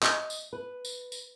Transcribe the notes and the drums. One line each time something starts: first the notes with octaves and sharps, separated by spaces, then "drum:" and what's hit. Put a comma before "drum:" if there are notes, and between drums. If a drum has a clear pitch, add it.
D#5, drum: clap
drum: tambourine
B4
drum: tambourine
drum: tambourine